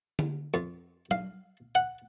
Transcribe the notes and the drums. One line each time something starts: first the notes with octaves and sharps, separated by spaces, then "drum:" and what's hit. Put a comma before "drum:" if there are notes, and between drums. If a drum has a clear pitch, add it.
drum: tom D3
F2
F5, drum: tom F#3
F#5